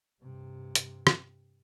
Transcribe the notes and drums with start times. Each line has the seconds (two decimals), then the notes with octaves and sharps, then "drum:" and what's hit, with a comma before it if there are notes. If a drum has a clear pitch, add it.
0.21 G2 C3
0.75 drum: hi-hat
1.07 drum: rim click